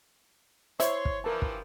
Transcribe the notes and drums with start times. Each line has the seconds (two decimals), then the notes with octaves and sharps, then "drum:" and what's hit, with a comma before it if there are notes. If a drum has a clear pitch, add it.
0.80 E4 C5 C#5 C6, drum: hi-hat
1.05 drum: kick
1.24 G2 E3 F3 A#4 A5
1.42 drum: kick